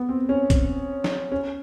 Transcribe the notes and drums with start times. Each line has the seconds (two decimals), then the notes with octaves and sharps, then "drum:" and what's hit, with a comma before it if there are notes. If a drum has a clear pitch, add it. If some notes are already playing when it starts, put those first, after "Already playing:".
Already playing: B3
0.09 C4
0.29 C#4
0.50 drum: kick, hi-hat
1.04 drum: snare
1.32 C#4